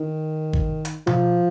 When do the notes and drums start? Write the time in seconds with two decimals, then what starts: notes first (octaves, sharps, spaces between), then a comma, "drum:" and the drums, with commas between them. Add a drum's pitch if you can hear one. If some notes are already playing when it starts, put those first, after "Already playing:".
Already playing: D#3
0.53 drum: kick G1
0.85 drum: hi-hat
1.07 F3, drum: tom B2